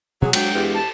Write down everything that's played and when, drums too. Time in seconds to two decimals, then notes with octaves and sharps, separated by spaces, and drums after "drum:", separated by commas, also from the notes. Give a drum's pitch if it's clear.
0.22 B2 F3 F#3 G#4
0.33 G#3 B3 D4 F#4 G5, drum: cymbal
0.54 E2 G4
0.74 A5